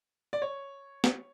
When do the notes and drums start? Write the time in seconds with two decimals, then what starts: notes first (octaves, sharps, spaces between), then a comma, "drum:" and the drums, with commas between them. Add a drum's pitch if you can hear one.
0.33 D5
0.42 C#5
1.04 drum: snare